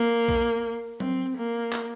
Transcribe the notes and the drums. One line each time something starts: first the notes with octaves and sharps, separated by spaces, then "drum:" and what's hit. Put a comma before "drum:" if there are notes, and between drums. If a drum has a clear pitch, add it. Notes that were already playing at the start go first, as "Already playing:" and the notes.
Already playing: A#3
drum: kick
C4, drum: tom F#3
A#3
drum: clap